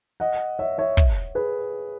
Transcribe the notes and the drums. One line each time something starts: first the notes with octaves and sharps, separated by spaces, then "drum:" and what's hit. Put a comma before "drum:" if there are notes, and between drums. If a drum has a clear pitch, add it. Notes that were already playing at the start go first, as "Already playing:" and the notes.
D#5 F#5
C#5 E5
C#5 E5
drum: kick
G#4 B4